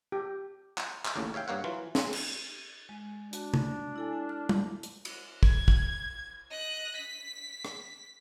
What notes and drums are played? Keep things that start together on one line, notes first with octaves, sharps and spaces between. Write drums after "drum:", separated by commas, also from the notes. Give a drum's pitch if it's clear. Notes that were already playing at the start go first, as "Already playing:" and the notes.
G4
drum: clap
drum: clap
A1 D#2 A2 C#3
C#5 E5 F5 G5
G2 A#3 C#5 F#5
E3 F#3 F4
drum: snare
drum: cymbal
G#3
D4 F#4, drum: hi-hat
drum: tom
E4 A4 G#5
F6
drum: tom
drum: hi-hat
drum: cymbal
G#6, drum: kick
drum: kick
D#5 F#6
B6
drum: rim click